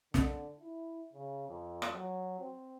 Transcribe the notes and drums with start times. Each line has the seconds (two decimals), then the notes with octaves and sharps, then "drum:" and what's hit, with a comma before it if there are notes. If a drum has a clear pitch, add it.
0.14 D3, drum: snare
0.60 E4
1.13 C#3
1.48 F2
1.82 drum: rim click
1.93 F#3
2.39 C4